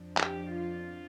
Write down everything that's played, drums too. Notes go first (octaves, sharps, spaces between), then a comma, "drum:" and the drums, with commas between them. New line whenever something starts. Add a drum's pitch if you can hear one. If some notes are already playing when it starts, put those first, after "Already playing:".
Already playing: F2 F3 D4
G4, drum: clap
F4